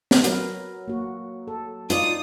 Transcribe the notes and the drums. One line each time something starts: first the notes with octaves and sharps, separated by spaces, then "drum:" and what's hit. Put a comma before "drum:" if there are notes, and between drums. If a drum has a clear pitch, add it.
drum: snare
F#3 A#4 B4, drum: hi-hat
A#3 F#4
A4
D#4 F4 D5 D#6, drum: hi-hat